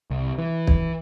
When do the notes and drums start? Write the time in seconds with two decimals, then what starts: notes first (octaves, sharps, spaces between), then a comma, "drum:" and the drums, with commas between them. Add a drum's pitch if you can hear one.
0.10 C2
0.38 E3
0.67 drum: kick